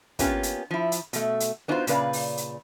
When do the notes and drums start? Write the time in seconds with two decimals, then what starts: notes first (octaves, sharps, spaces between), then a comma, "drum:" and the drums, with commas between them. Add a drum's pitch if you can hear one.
0.19 A#3 B3 C#4 F4 G4, drum: kick, hi-hat
0.43 drum: hi-hat
0.71 F3 E4
0.92 drum: hi-hat
1.13 B2 A3, drum: hi-hat
1.40 drum: hi-hat
1.68 B3 D4 D#4 F4 F#4 C5
1.87 A#2 C#3 B4 D5 F5, drum: hi-hat
2.13 drum: open hi-hat
2.37 drum: hi-hat